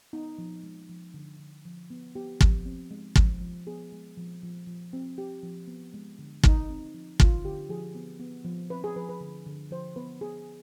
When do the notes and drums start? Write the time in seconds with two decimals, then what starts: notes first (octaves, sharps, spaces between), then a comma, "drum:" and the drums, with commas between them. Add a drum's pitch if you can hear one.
0.13 B3 D#4
0.38 F3
0.63 G#3
0.89 F3
1.14 D3
1.39 D3
1.65 F3
1.90 B3
2.16 B3 G4
2.41 F3, drum: kick
2.66 C4
2.91 G#3
3.16 F3, drum: kick
3.41 F3
3.67 B3 G#4
3.92 G#3
4.17 F3
4.43 F3
4.67 F3
4.93 C4
5.18 C4 G4
5.43 F3
5.68 B3
5.94 G#3
6.19 D3
6.43 D3 D#4, drum: kick
6.70 C4
6.94 F3
7.20 D3 F4, drum: kick
7.44 D3 G4
7.69 F3 G#4
7.95 B3
8.20 B3
8.45 F3
8.70 C4 B4
8.84 G#4
8.96 F3 B4
9.09 B4
9.20 D3
9.46 D3
9.71 F3 C5
9.96 B3 B4
10.21 B3 G#4